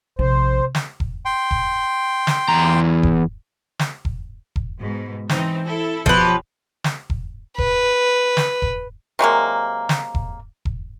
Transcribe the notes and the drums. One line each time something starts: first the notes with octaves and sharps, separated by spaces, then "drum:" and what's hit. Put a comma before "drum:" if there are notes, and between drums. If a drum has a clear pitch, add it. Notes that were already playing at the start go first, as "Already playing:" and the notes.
A#1 C3 C5
drum: snare
drum: kick E1
G5 C6
drum: kick E1
drum: snare
E2 A#5
drum: kick E1
drum: snare
drum: kick E1
drum: kick E1
G#2 B2
E3 C4 D#4, drum: snare
E4 A4
B2 F3 F#3 G4 B4, drum: kick E1
drum: snare
drum: kick E1
B4, drum: kick E1
drum: snare
drum: kick E1
C3 F#3 G#3 A#3
drum: snare
drum: kick E1
drum: kick E1